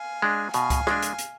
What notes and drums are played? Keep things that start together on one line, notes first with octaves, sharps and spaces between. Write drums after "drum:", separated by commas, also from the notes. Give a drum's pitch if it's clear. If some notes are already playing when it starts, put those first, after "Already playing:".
Already playing: F5 G#5
G#3 D4
B2 F5 G#5, drum: hi-hat
drum: kick C#2, hi-hat
G#3 D4, drum: rim click
drum: hi-hat
drum: hi-hat